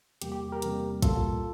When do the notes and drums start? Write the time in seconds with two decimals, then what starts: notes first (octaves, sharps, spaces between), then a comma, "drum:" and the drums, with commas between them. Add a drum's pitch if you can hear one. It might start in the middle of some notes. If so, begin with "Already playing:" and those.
0.22 E2 C3 G3 A#3 G4, drum: hi-hat
0.32 G4
0.52 G4 A#4
0.62 E2 C3 G3 A#3, drum: hi-hat
1.02 A2 G3 A#3 F4 A4, drum: kick, hi-hat